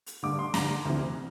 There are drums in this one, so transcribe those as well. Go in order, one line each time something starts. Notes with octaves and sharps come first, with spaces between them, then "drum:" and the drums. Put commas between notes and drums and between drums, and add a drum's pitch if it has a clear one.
drum: hi-hat
G2 D3 D6
C6
G2 D3 A#5, drum: snare
D2 C3 E3